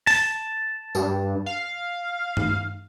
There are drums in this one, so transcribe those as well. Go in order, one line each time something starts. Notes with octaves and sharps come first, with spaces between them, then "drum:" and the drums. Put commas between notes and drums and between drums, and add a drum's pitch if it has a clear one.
A5, drum: open hi-hat
G2, drum: tambourine
F5
drum: tom